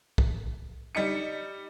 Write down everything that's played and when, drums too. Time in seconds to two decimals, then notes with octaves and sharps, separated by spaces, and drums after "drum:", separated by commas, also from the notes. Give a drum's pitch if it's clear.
0.18 drum: kick
0.95 G3 D#4 C#7